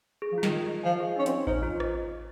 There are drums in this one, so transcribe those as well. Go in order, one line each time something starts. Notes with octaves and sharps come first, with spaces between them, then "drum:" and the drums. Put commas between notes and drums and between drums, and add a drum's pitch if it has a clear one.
G#4
F3
F4
D#3, drum: snare
D#5
D#5
F3 G#5
G#4
C#4 D#4
C4, drum: hi-hat
D#5
D#4 C5, drum: kick A1
D#4 F4
drum: rim click